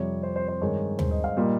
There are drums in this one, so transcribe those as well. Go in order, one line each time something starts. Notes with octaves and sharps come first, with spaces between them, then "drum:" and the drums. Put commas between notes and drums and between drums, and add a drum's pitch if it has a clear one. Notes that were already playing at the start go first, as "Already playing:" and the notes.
Already playing: F2 C3 G3 C#5
C5
C5
C5
G2 D#3 G#3 C#5
C5, drum: tom D#2
D#5
F5
A#2 G3 A#3 D#5